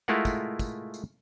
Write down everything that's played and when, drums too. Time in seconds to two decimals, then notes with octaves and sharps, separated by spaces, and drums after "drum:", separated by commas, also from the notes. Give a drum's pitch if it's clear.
0.08 G#3 A3 E4 F4 A#4 F#5
0.25 drum: kick, tambourine
0.59 drum: kick, tambourine
0.94 drum: tambourine